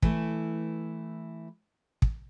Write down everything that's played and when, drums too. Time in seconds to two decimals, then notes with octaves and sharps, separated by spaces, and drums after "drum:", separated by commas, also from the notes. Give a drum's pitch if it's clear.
0.02 E3 A3 E4, drum: kick
2.02 drum: kick